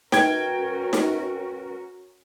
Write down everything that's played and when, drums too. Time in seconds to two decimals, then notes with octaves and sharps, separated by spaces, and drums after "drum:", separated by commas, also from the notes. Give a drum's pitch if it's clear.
0.12 C#4 F#4 A#4 B4 G5 G#6, drum: snare D#4
0.93 drum: snare D#4